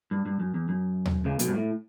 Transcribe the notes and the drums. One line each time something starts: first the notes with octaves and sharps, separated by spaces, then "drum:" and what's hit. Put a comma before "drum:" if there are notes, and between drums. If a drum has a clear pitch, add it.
G2
G2
F#2
E2
F#2
drum: tom D#2
C#2 C#3
B1 B2, drum: hi-hat
G2
A2